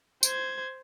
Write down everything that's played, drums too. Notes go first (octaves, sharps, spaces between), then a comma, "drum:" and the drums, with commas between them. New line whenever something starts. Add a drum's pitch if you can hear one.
C5 G#6, drum: tambourine